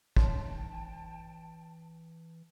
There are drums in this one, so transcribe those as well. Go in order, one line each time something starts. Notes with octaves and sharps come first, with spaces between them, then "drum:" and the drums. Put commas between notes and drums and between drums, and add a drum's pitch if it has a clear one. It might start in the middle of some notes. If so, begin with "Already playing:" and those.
E3 D#4 C#5 G5 A5 C6, drum: kick